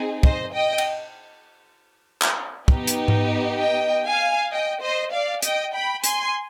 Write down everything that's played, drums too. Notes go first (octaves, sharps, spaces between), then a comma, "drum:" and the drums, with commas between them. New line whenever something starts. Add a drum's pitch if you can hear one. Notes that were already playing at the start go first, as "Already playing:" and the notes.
Already playing: C4 D#4 G#4
C5 D#5, drum: kick
D#5 G5
drum: cymbal
drum: clap
B3 D#4 G4, drum: kick
drum: hi-hat
drum: tom G#2
D#5 G5
F5 G#5
D#5 G5
C5 D#5
D5 F5
D#5 G5, drum: hi-hat
G5 B5
G#5 C6, drum: hi-hat